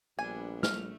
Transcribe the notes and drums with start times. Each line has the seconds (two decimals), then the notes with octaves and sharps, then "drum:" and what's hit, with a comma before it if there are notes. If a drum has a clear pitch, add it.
0.19 A#1 G3 B3 D4 G#5
0.63 A3 F6, drum: snare